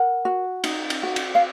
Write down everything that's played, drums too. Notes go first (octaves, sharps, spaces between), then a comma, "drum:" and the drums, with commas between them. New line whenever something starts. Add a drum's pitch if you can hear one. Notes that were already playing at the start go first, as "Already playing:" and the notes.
Already playing: A#4 F#5
F#4
D#4, drum: cymbal
drum: cymbal
F#4
drum: cymbal
F5